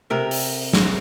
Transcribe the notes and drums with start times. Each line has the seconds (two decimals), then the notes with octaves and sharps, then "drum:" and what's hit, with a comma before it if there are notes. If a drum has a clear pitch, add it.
0.10 C3 A#4 E5
0.31 drum: open hi-hat
0.73 drum: snare